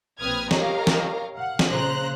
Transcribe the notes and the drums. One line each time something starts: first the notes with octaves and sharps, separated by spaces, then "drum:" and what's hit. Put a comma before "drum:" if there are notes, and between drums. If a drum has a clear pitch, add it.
A#1 C4 B4 D#6 F6 G#6
G4 A#4 C#5 D#5 F5 A#5, drum: snare
drum: snare
F5 F#5
drum: snare
A#1 A#2 C#3 C5 A#5 F#6